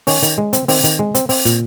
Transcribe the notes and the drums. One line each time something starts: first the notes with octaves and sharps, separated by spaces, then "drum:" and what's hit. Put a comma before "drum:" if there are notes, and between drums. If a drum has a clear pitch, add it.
D#3 C#4, drum: open hi-hat
D#3, drum: hi-hat
G#3
C4, drum: hi-hat
D#3 C4, drum: open hi-hat
D#3, drum: hi-hat
G#3
C4, drum: hi-hat
C4, drum: open hi-hat
A#2, drum: hi-hat